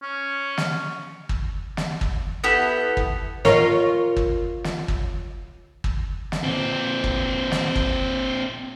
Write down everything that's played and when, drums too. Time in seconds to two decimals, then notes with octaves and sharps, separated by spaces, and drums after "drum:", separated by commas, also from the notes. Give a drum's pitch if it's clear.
0.02 C#4
0.58 drum: snare
1.29 drum: kick
1.77 drum: snare
2.01 drum: kick
2.44 B3 E4 G4 A4
2.97 drum: kick
3.45 F4 A#4 C#5, drum: snare
4.17 drum: kick
4.64 drum: snare
4.88 drum: kick
5.84 drum: kick
6.32 drum: snare
6.44 A#2 C4
7.04 drum: kick
7.52 drum: snare
7.76 drum: kick